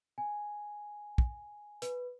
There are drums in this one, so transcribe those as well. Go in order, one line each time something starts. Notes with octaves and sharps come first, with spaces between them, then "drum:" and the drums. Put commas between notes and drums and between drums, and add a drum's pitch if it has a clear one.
G#5
drum: kick
B4, drum: hi-hat